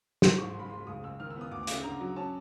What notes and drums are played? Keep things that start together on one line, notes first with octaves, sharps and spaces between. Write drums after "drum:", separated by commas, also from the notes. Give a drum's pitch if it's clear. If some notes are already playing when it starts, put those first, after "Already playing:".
F3 C6, drum: snare
G#2 C#6
C6
F#1 B5
F#1 C6
C#2 D#6
C#2 E6
D#3 F6
E6
B3
D#6
D2 D6
D6
C#3, drum: hi-hat
D3 A#5
F#3
C#4 A5